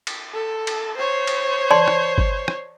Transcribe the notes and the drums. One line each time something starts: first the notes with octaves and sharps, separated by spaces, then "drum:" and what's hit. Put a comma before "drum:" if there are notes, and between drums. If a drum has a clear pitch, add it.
drum: cymbal
A4
drum: cymbal
C5 C#5
drum: cymbal
D5 A5 C6
drum: rim click
drum: kick G1
drum: rim click